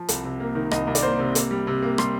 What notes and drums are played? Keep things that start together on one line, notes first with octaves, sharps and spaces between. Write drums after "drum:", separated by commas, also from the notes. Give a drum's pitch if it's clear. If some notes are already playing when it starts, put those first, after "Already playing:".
Already playing: F3
C2, drum: hi-hat
C3
A#3
D#3
C2 D#5, drum: rim click
C2
D5, drum: hi-hat
A#3 C5
C3
A#3, drum: hi-hat
G3
C3
A#3
G3 C6, drum: rim click